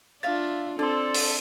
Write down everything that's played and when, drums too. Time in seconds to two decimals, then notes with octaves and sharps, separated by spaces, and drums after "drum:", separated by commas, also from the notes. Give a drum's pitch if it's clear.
0.23 D4 F4 C#5 E5 F5 A6
0.79 C4 D4 A4 D5 C6
1.14 drum: open hi-hat